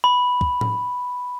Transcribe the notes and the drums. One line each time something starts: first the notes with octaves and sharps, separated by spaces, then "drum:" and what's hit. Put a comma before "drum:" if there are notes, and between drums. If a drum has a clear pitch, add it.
B5
drum: kick
drum: tom A2